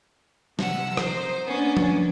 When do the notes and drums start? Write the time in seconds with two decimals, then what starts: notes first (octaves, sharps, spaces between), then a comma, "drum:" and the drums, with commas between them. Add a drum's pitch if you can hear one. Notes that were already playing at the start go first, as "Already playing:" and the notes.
0.59 C3 F3 F#5 E6, drum: snare
0.97 D#4 C5, drum: rim click
1.48 A#3 B3 C#4 D4
1.77 drum: tom F3